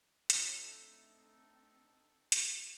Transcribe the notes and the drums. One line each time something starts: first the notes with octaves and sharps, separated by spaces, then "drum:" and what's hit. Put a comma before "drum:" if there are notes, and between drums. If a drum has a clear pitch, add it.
A3 C4 D4 D#4 F4 A4 C#5, drum: hi-hat
drum: hi-hat